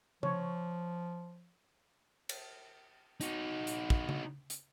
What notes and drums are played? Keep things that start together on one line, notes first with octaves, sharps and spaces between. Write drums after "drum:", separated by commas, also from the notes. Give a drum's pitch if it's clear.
F3 C#5, drum: tom C#3
drum: cymbal
D#4 F#4, drum: hi-hat
drum: hi-hat
drum: kick
drum: tom C#3
drum: hi-hat